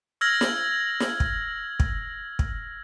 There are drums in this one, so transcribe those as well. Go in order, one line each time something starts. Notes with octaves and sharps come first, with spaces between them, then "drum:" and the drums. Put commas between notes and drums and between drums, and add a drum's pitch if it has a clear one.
E6 F6 G#6 A#6 F#7
drum: snare
drum: snare
drum: kick
drum: kick
drum: kick